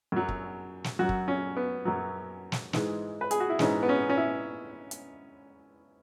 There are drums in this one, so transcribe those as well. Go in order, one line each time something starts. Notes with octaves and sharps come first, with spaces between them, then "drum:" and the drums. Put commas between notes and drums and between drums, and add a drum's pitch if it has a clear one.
F#2 F#3
drum: kick
drum: snare
F#2 F#3 F#4
drum: kick
C#4
B3
F#2 F#3
drum: snare
G#2 E3 G#3, drum: snare
B4
G#4, drum: hi-hat
F#4
E4
G#2 E3 G#3 C#4, drum: snare
B3
C#4
C#4
E4
drum: hi-hat